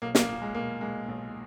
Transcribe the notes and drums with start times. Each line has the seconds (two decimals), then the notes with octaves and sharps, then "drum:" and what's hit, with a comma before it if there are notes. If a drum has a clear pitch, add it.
0.02 B1 A#3
0.15 A#3, drum: snare
0.29 A#2 A#3
0.42 G#3
0.55 B1 A#3
0.81 A#2 G#3 A#3
1.08 B1